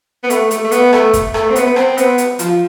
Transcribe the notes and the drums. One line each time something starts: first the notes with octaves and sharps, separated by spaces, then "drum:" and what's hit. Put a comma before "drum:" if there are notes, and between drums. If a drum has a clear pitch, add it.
B3
A3, drum: hi-hat
A3, drum: hi-hat
A3
B3, drum: hi-hat
A3, drum: rim click
drum: kick, hi-hat
A3, drum: rim click
C4
B3, drum: hi-hat
B3
C4, drum: rim click
B3, drum: hi-hat
drum: hi-hat
F3, drum: hi-hat